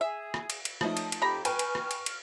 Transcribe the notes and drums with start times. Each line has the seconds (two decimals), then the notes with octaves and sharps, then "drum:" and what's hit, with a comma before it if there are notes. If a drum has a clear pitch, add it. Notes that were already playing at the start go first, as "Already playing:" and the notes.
0.01 G#4 E5
0.34 drum: rim click
0.50 drum: cymbal
0.65 drum: cymbal
0.81 F3 A3 D#4 A4 C#5 D#6, drum: rim click
0.97 drum: cymbal
1.12 drum: cymbal
1.22 F2 G4 A#5 B5
1.45 B4 G5 G#5 C#6 F6, drum: cymbal
1.59 drum: cymbal
1.75 drum: rim click
1.91 drum: cymbal
2.06 drum: cymbal